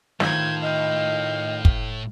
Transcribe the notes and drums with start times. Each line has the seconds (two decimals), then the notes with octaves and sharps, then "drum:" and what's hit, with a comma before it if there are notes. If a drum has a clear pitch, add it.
0.20 A2 D#3 F4 A4 C5 G6 G#6, drum: snare
0.62 D#5 F5 G5
1.65 drum: kick